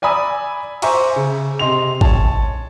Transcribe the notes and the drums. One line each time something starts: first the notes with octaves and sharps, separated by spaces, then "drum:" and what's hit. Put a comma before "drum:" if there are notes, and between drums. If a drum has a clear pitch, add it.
D5 G#5 A#5 B5 D#6 E6
C5 E5 G#5 A#5 C#6 D6, drum: cymbal
C#3
C3 D#5 C6 F7
C#5 A5, drum: kick